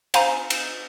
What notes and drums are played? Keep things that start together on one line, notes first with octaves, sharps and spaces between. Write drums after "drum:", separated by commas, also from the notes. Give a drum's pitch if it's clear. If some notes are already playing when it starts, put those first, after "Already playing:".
C5 F5 G#5 A#5, drum: cymbal
drum: cymbal